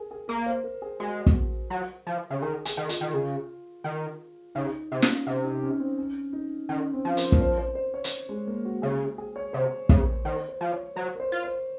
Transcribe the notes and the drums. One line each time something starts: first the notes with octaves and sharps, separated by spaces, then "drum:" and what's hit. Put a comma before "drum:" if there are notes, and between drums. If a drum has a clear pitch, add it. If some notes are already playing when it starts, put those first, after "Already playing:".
Already playing: G#4 A#4
G#4
A#3 A#4
C5
A#4
G#4
G#3 F#4
drum: kick
F#3
F3
C#3
D#3 G#4
G#4, drum: hi-hat
D#3
F4, drum: hi-hat
D#3
C#3
D#3
C#3 D#4
C3
C#4, drum: snare
C3
D#4
C#4
C4
C#4
D#4
D#3 C#4
C4
F3
A#4, drum: hi-hat
A#4, drum: kick
C5
C5
C5
C#5
drum: hi-hat
G#3
A#3
F#4
C#3 G#4
G#4
C#5
C3 C5
C#3 A#4, drum: kick
D#3 C5
C5
F3
C#5
F#3 C5
A#4
C5
F4
C5